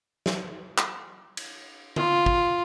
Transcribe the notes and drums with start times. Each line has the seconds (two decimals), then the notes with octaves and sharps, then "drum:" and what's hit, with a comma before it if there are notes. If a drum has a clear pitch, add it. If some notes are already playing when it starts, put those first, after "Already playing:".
0.26 drum: snare
0.78 drum: clap
1.37 drum: cymbal
1.96 F4, drum: tom D3
2.26 drum: kick